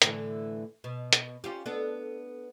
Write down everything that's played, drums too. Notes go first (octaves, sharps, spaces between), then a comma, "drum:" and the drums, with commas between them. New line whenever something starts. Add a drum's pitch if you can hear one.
A2 D3 E3, drum: hi-hat
B2
drum: hi-hat
C#4 F4 G4
B3 D4 A4